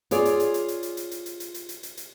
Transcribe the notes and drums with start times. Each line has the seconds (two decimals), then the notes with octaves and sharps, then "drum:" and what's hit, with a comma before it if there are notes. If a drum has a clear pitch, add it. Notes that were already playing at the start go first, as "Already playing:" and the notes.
0.11 F4 G#4 C#5 D5, drum: hi-hat
0.25 drum: hi-hat
0.40 drum: hi-hat
0.54 drum: hi-hat
0.68 drum: hi-hat
0.83 drum: hi-hat
0.97 drum: hi-hat
1.11 drum: hi-hat
1.26 drum: hi-hat
1.40 drum: hi-hat
1.54 drum: hi-hat
1.69 drum: hi-hat
1.83 drum: hi-hat
1.97 drum: hi-hat